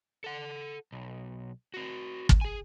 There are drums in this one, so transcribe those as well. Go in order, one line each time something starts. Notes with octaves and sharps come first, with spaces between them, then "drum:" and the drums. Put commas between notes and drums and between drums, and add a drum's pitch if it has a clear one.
A4 F#5
B1
C4 F#4
drum: kick
G#4 G#5